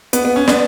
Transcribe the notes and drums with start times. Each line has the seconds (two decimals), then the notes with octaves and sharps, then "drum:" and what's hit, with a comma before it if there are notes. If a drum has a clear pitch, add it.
0.13 B3, drum: hi-hat
0.25 B3
0.36 C#4
0.47 B3 D4, drum: snare